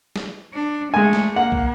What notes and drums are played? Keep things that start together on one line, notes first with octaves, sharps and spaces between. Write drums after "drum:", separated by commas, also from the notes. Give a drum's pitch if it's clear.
drum: snare
D4
G#3 A3 G#5
drum: snare
A#3 F#5
drum: kick